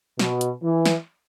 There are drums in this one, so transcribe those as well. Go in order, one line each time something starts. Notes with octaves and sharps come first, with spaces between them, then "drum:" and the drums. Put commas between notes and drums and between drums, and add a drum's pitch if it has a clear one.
B2, drum: snare
drum: hi-hat
E3
drum: snare